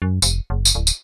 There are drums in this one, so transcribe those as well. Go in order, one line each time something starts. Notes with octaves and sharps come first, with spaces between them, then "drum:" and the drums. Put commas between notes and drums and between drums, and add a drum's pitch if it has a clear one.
F#2
F1, drum: tambourine
F#1
drum: tambourine
D1
drum: tambourine